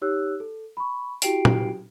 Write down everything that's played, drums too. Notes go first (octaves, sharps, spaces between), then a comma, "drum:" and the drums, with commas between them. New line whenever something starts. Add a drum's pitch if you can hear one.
D#4 G4 C#5 E6 F#6
A4
B5 C#6
E4 F#4 G4 G5 C7 D7, drum: hi-hat
drum: tom A#2